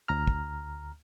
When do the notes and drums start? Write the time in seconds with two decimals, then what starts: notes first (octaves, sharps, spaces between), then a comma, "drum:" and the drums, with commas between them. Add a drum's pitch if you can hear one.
0.08 D2 A#5 F6
0.27 drum: kick